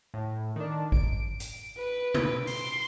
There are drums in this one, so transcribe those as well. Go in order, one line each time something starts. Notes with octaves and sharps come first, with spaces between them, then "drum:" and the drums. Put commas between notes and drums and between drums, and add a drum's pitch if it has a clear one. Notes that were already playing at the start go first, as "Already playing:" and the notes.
A2
D#3 D4
D7, drum: kick G#1
drum: hi-hat
B4
drum: tom B2
C6, drum: open hi-hat